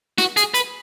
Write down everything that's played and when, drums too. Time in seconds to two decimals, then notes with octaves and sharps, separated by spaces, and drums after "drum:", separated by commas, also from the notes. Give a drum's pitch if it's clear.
0.18 F#4, drum: snare
0.37 G#4, drum: hi-hat
0.54 B4, drum: hi-hat